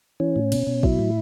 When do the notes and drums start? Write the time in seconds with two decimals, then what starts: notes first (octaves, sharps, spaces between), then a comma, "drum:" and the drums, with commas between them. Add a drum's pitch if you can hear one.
0.20 E3 C#4
0.36 A2
0.52 B2, drum: cymbal
0.67 B2
0.83 F#3 E4, drum: kick
0.99 A2